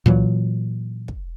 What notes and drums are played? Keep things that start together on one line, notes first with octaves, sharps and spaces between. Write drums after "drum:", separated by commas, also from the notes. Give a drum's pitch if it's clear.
A#2 E3 F#3, drum: tom
drum: kick